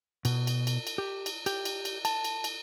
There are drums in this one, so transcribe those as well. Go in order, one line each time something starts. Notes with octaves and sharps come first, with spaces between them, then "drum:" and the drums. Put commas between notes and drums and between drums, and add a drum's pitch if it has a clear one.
B2, drum: cymbal
drum: cymbal
drum: cymbal
drum: cymbal
G4
drum: cymbal
G4, drum: cymbal
drum: cymbal
drum: cymbal
A5, drum: cymbal
drum: cymbal
drum: cymbal